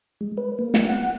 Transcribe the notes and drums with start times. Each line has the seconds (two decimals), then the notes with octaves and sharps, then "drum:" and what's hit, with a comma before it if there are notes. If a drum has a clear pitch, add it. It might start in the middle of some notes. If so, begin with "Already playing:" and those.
0.21 G#3
0.37 B4
0.59 A#3
0.74 drum: snare
0.89 F#5